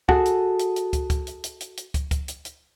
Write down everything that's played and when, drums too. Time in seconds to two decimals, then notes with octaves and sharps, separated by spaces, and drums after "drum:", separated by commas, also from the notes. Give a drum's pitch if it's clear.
0.09 F#4 G#4 A4 F#5, drum: kick
0.26 drum: hi-hat
0.59 drum: hi-hat
0.76 drum: hi-hat
0.93 drum: kick, hi-hat
1.10 drum: kick, hi-hat
1.27 drum: hi-hat
1.44 drum: hi-hat
1.61 drum: hi-hat
1.77 drum: hi-hat
1.94 drum: kick, hi-hat
2.11 drum: kick, hi-hat
2.28 drum: hi-hat
2.45 drum: hi-hat